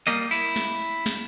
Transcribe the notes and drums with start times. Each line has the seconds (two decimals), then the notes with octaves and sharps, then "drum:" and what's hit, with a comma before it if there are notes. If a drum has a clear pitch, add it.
0.07 G3 A#3 D#5
0.31 E4, drum: cymbal
0.56 drum: snare
1.06 drum: snare